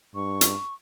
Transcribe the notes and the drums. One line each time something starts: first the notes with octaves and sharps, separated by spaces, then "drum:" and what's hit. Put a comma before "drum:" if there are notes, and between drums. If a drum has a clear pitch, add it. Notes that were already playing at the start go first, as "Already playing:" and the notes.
G2 C#6
drum: hi-hat